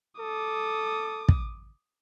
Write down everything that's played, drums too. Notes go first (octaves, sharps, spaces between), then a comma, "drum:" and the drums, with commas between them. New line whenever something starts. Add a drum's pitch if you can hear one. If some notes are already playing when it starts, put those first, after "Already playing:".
A4 D6 D#6
drum: kick